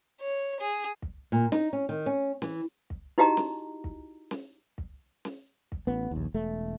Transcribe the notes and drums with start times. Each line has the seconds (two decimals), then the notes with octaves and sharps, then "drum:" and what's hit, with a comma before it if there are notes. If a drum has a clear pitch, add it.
0.20 C#5
0.60 G#4
1.02 drum: kick
1.32 A#2
1.52 D#4, drum: snare
1.73 C#4
1.89 D#3
2.06 C#4
2.42 E3, drum: snare
2.90 drum: kick
3.18 D#4 E4 F#4 G4 D#5 A#5
3.37 drum: snare
3.84 drum: kick
4.31 drum: snare
4.78 drum: kick
5.25 drum: snare
5.72 drum: kick
5.87 A1 B3
6.11 A#1 D#2
6.34 E1 A3